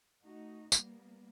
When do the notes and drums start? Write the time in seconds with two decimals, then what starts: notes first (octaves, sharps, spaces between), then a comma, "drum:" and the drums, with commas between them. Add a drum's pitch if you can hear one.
0.24 A3 D#4 F#4
0.72 G3 A#3 B3, drum: tambourine